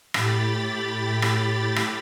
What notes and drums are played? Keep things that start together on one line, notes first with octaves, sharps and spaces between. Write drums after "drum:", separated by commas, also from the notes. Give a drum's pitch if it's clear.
A2 G4 B5 A6, drum: rim click
drum: rim click
drum: rim click